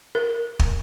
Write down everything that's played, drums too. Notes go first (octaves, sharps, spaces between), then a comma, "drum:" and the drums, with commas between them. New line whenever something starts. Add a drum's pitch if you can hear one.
A#4
drum: kick